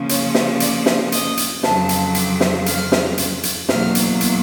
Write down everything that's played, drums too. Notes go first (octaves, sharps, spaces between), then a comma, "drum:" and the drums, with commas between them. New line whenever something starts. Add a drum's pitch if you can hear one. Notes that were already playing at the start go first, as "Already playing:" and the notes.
Already playing: C#3 F3 A#3 C#4
C#5, drum: hi-hat
drum: snare
D5, drum: hi-hat
drum: snare
D#5, drum: hi-hat
drum: hi-hat
F2 C#3 F#3 A5, drum: snare
drum: hi-hat
D6, drum: hi-hat
drum: snare
F6, drum: hi-hat
drum: snare
drum: hi-hat
drum: hi-hat
E2 B2 F#3 A#3 F6, drum: snare
drum: hi-hat
drum: hi-hat